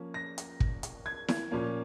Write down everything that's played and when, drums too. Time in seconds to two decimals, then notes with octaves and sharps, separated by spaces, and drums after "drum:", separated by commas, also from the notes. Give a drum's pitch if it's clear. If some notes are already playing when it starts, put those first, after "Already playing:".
Already playing: F3 A#3 C#4
0.14 A#6
0.38 drum: hi-hat
0.60 drum: kick
0.83 drum: hi-hat
1.06 G#6
1.28 drum: snare E4
1.51 A#2 F3 A#3 C#4